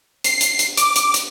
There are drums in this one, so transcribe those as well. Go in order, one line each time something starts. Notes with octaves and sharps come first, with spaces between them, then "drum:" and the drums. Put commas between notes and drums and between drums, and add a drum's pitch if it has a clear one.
C7, drum: hi-hat
drum: hi-hat
drum: hi-hat
D6, drum: hi-hat
drum: hi-hat
drum: hi-hat